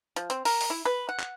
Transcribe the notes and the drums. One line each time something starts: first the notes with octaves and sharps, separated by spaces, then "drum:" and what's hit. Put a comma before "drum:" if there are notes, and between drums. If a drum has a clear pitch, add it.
F3, drum: hi-hat
C4, drum: hi-hat
A#4, drum: open hi-hat
drum: open hi-hat
E4
B4
F#5
drum: clap